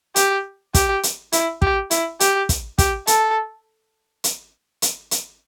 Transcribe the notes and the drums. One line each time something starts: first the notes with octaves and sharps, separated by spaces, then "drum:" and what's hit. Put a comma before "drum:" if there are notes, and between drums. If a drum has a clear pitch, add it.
G4, drum: hi-hat
G4, drum: kick, hi-hat
drum: hi-hat
E4, drum: hi-hat
G4, drum: kick
E4, drum: hi-hat
G4, drum: hi-hat
drum: kick, hi-hat
G4, drum: kick, hi-hat
A4, drum: hi-hat
drum: hi-hat
drum: hi-hat
drum: hi-hat